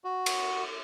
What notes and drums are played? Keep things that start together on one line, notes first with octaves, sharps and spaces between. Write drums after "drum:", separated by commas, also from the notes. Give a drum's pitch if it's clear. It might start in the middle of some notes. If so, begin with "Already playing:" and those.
F#4
drum: cymbal